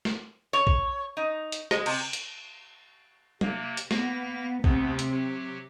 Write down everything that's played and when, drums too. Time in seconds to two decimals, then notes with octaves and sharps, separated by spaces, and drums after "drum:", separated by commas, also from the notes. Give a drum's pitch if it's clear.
0.05 drum: snare
0.53 C#5
0.67 drum: kick A#1
1.17 D#4
1.52 drum: hi-hat
1.71 G#3, drum: rim click
1.86 C3, drum: cymbal
2.13 drum: hi-hat
3.41 C3 A#3, drum: tom
3.77 drum: hi-hat
3.91 A#3 B3 A#6, drum: snare
4.64 D2 C3 B3, drum: kick A#1
4.99 drum: hi-hat
5.11 F#3 G4